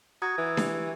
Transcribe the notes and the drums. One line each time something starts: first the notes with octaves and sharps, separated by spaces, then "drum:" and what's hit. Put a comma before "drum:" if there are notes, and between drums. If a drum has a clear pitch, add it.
F#4 A#5 D#6 G#6
E3
G4, drum: snare D4